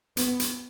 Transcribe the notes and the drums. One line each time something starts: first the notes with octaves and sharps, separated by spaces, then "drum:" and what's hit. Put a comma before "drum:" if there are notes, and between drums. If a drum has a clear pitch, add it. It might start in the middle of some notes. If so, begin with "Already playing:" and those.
B3, drum: hi-hat
drum: hi-hat